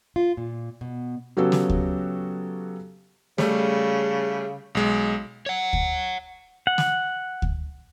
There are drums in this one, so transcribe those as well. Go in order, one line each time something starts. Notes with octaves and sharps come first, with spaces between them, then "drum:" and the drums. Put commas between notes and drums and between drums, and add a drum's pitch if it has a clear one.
F4
A#2
B2
C#3 F#3 B3 F#4 G4 A4
drum: snare
drum: kick D2
C#3 G3 A3, drum: snare
B1 G#3
C#5 F#5
drum: kick D2
F#5
drum: snare
drum: kick D2